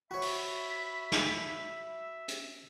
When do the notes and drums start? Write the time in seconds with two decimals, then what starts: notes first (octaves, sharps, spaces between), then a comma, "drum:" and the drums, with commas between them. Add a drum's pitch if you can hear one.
0.11 F#4 C#5 E5 B5
0.22 drum: open hi-hat
1.12 drum: snare
2.28 drum: hi-hat